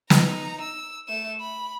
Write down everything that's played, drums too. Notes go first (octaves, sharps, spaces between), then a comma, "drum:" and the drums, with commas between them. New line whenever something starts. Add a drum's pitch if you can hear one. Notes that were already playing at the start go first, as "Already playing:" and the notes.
D#4 A#5, drum: snare
E6
A3 E7
B5